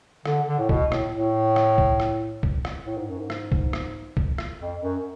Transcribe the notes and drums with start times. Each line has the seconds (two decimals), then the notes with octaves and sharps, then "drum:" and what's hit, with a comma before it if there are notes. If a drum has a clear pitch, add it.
0.25 D3, drum: rim click
0.48 D3
0.59 A2
0.69 B2, drum: kick
0.92 A2, drum: rim click
1.13 A2
1.56 drum: rim click
1.78 drum: kick
2.00 drum: rim click
2.43 drum: kick
2.65 drum: rim click
2.86 A2
2.97 G#2
3.09 F#2
3.19 G#2
3.30 drum: rim click
3.52 drum: kick
3.73 drum: rim click
4.17 drum: kick
4.38 drum: rim click
4.60 F2
4.81 F#2